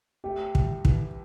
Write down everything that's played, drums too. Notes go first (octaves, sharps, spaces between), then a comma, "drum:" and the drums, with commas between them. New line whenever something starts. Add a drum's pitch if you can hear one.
A3 G4
C2, drum: kick
E3, drum: kick